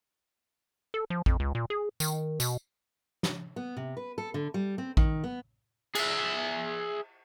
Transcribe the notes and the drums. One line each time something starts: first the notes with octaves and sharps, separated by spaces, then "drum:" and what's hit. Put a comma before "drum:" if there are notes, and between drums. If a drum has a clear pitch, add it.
A4
F3
F2, drum: kick A1
C#2
A#2
G#4
D#3, drum: tambourine
B2, drum: tambourine
drum: snare
B3
C3
B4
A4
D3
G3
C4
D#3, drum: kick A1
B3
G#4 E5, drum: cymbal